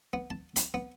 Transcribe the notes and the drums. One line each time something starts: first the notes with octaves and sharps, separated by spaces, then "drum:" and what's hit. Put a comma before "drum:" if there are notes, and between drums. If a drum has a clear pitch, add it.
B3
A5
B5, drum: hi-hat
B3